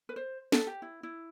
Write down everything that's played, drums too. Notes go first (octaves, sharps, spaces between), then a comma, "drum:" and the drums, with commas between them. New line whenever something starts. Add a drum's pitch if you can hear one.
B4
C5
A4, drum: snare
G4
E4
E4